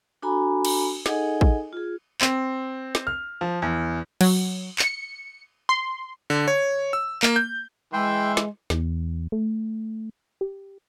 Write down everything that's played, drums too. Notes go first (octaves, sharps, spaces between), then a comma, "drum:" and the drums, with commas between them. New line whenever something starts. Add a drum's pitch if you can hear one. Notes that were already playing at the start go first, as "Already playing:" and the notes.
D4 F#4 A4 G#5 A#5 B5
drum: cymbal
D#4 G#4 A4 D#5 F#5 G#5, drum: snare
drum: kick
F4 G#4
C4, drum: clap
drum: snare
F6
F3
E2
F#3, drum: cymbal
C#7, drum: clap
C6
D3
C#5
E6
A#3, drum: clap
G6
E3 G#3 E5 G5 C6
drum: snare
E2, drum: snare
A3
G4